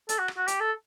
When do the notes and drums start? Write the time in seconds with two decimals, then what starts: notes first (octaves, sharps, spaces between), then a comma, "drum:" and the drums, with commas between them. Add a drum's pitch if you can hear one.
0.09 A4, drum: hi-hat
0.19 F#4
0.28 drum: rim click
0.37 F#4
0.48 G4, drum: hi-hat
0.60 A4